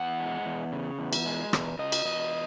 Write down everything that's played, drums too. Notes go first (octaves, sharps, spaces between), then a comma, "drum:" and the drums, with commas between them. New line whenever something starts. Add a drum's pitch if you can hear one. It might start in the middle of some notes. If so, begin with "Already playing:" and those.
Already playing: E2 F#5
G#3
E2
C#3
E2
drum: cymbal
G#3
E2, drum: rim click
C#3 D#5
drum: cymbal
E2 D#5